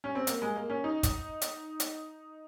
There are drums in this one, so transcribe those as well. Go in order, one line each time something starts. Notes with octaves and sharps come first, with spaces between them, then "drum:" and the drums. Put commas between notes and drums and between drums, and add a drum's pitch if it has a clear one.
C#4
C4
A#3, drum: hi-hat
G#3
A#3
C#4
D#4
drum: kick, hi-hat
drum: hi-hat
drum: hi-hat